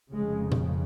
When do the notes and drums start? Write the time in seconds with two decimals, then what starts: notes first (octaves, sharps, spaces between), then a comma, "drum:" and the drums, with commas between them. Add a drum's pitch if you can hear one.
0.12 F1 F2 C#3 G#3
0.52 drum: tom A#2